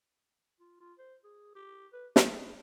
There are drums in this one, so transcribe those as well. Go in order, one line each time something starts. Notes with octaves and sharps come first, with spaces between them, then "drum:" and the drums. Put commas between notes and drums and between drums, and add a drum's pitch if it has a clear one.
F4
F4
C5
G#4
G4
B4
G#4, drum: snare